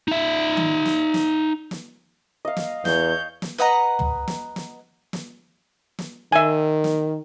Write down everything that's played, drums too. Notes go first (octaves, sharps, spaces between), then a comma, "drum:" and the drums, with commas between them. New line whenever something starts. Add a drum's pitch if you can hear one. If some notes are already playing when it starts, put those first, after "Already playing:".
D#4 E5
drum: tom D#3
drum: snare
drum: snare
drum: snare
D#5 F5
drum: snare
E2 C#5 G6, drum: snare
drum: snare
B4 D#5 F#5 A#5
drum: tom
drum: snare
drum: snare
drum: snare
drum: snare
D#3 E5 G#5
drum: snare